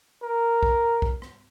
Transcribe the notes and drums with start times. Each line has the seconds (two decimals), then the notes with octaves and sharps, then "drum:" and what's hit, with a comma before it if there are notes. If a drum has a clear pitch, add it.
0.23 A#4
0.63 drum: kick
1.02 drum: kick
1.22 drum: rim click